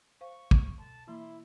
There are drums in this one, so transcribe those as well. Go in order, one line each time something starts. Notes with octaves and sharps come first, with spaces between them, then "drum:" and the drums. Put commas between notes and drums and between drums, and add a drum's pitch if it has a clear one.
C5 F5 C#6
drum: kick
B2 A5
E3 A#3 E4 C6